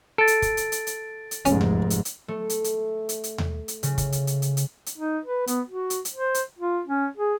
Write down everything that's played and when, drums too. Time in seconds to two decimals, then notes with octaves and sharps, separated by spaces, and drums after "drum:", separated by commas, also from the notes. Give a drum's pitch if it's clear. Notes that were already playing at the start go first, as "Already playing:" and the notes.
0.18 A4 A6 D7
0.27 drum: hi-hat
0.42 drum: kick, hi-hat
0.57 drum: hi-hat
0.72 drum: hi-hat
0.87 drum: hi-hat
1.31 drum: hi-hat
1.45 F1 G#2 C#4, drum: hi-hat
1.61 drum: tom D#2
1.90 drum: hi-hat
2.05 drum: hi-hat
2.28 A3
2.50 drum: hi-hat
2.64 drum: hi-hat
3.09 drum: hi-hat
3.24 drum: hi-hat
3.38 drum: tom D#2
3.68 drum: hi-hat
3.83 C#3, drum: hi-hat
3.98 drum: kick, hi-hat
4.12 drum: hi-hat
4.27 drum: hi-hat
4.42 drum: hi-hat
4.57 drum: hi-hat
4.86 drum: hi-hat
4.98 D#4
5.24 B4
5.47 B3, drum: hi-hat
5.68 F#4
5.90 drum: hi-hat
6.05 drum: hi-hat
6.14 C5
6.34 drum: hi-hat
6.59 F4
6.87 C#4
7.17 G#4